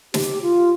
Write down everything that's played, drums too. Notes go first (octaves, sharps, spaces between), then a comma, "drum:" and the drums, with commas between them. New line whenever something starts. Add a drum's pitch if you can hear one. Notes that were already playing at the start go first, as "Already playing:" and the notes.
G4, drum: snare
F4